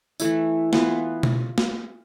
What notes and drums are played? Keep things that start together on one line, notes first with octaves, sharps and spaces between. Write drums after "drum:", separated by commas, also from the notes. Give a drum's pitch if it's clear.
E3 A3 E4, drum: tambourine
E3 B3 F4 B4, drum: snare
drum: tom B2
drum: snare